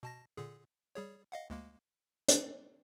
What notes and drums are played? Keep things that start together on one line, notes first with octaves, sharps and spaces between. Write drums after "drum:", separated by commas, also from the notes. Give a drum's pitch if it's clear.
B2 A5 A#6
A#2 D3 G#4
G3 G#4 C#5
D#5 F5 F#5
D2 G#3 A#3
drum: hi-hat